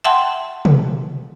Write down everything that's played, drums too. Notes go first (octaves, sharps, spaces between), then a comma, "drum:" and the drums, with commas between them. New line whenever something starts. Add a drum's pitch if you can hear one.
E5 F#5 G5 A5 C6
drum: tom